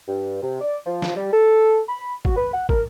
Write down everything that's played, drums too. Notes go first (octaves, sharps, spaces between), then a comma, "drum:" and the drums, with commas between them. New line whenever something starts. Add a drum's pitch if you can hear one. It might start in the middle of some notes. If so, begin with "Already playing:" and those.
G2
C3
D5
F3
drum: snare
G3
A4
B5
F#4, drum: kick
B4
F#5
A#4, drum: kick